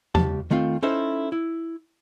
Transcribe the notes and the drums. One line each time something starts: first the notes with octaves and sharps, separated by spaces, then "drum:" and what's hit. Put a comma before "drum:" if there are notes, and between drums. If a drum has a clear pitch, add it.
C#2 G4 A5, drum: tom E2
D#3 A3 C4 F4
C#4 D#4 E4 A4 C5
E4